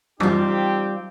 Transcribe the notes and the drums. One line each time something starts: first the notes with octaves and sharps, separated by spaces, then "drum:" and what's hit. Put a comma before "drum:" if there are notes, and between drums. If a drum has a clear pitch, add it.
G3 C4 D#4 F4 G4, drum: tom